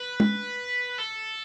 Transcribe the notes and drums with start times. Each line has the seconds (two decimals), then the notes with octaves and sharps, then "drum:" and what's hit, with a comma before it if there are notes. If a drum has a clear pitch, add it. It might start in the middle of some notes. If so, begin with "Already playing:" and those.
Already playing: B4
0.20 drum: tom
0.99 A4